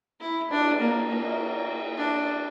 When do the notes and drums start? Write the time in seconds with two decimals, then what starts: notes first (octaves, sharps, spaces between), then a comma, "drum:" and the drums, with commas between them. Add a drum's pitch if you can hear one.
0.20 E4
0.50 D4, drum: cymbal
0.80 A#3
1.08 A#3
1.23 drum: cymbal
1.97 D4